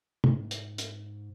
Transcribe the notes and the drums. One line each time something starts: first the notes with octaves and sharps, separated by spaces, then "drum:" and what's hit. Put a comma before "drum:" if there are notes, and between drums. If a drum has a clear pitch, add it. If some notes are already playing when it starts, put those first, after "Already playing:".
G#2, drum: tom
drum: hi-hat
drum: hi-hat